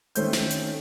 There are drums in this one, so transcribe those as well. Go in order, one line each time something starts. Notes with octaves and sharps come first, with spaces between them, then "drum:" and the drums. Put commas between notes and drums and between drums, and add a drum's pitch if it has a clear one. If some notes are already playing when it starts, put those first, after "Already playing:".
D#3 A3 C4 C#4 C5 G6, drum: hi-hat
drum: snare
drum: hi-hat